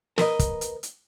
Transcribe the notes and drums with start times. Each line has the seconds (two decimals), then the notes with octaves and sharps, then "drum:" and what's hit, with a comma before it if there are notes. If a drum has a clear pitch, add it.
0.18 A#4 B4 D#5, drum: snare
0.39 drum: kick, hi-hat
0.61 drum: hi-hat
0.83 drum: hi-hat